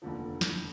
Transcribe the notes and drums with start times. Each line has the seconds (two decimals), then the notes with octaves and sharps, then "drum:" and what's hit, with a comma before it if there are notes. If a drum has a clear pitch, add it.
0.02 F1 D#2 D3 F3
0.41 drum: snare